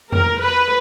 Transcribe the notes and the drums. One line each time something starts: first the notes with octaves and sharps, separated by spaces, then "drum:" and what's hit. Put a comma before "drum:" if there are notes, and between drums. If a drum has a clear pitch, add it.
A#4, drum: tom F2
B4